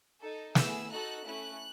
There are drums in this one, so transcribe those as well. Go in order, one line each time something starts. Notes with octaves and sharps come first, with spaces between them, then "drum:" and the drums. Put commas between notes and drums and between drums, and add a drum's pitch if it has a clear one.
D#4 A4
B3 E4 G#4 E6, drum: snare
D#4 F#4 A4 F#6
A3 C#4 E4 F#6